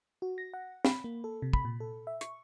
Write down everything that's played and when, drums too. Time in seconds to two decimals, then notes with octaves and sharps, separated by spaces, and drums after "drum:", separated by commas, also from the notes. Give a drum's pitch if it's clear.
0.22 F#4
0.38 A#6
0.54 F#5
0.85 B5, drum: snare
1.04 A#3
1.24 A4
1.42 C3
1.53 B5, drum: kick
1.65 A#2
1.80 A4
2.07 E5
2.21 C#6, drum: hi-hat